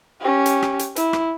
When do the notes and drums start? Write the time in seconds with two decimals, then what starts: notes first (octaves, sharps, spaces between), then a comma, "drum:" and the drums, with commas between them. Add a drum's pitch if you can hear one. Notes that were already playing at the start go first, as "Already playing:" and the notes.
0.21 C#4 G4
0.46 drum: hi-hat
0.62 drum: rim click
0.79 drum: hi-hat
0.96 E4, drum: hi-hat
1.13 drum: rim click